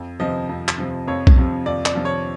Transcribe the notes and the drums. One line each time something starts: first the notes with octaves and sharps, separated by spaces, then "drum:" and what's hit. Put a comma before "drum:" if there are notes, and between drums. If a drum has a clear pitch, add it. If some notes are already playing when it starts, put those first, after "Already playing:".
Already playing: F2
C3 F3 D#5
F2
drum: clap
C3 F3
F2 C#5
drum: kick B1
C3 F3
F2 D5
D5, drum: clap
C3 F3
C#5